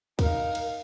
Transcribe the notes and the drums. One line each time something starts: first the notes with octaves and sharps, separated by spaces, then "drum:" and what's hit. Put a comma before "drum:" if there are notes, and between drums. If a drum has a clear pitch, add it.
D#4 A#4 F5, drum: kick, cymbal
drum: cymbal